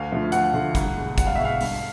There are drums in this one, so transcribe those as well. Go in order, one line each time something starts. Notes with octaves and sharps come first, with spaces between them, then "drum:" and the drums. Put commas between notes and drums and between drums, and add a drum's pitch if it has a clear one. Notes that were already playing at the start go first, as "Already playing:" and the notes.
Already playing: D2 F5
D3 F3 A3
D2 F#5, drum: hi-hat
D3 F3 A3
C2, drum: kick, hi-hat
B2 G#3
C2 F#5, drum: kick, hi-hat
F5
B2 G#3 E5
F5
G2, drum: open hi-hat